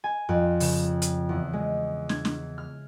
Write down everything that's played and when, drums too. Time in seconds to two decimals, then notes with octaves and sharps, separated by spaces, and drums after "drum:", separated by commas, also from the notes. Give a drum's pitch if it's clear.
0.04 G#5
0.29 F2
0.60 C#3, drum: open hi-hat
1.02 drum: hi-hat
1.29 E2
1.53 G#3
2.09 G#6, drum: snare
2.25 drum: snare
2.58 F6